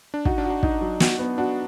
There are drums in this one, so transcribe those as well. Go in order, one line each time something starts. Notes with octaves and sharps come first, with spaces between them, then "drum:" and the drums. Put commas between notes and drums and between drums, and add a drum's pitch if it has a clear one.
D4
D#4 F#4, drum: kick
D4
F#4
D4
D#4, drum: kick
F#3
F#4, drum: snare
B3
D4 F#4